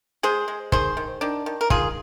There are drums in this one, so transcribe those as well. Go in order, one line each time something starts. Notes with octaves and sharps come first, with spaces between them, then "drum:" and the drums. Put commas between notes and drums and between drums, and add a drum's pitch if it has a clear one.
G#3 G#4 C5
G#3
D#3 G#4 C5, drum: kick
D#3
D#3 D4
D#3
A#4
D#3 F4 G#4, drum: kick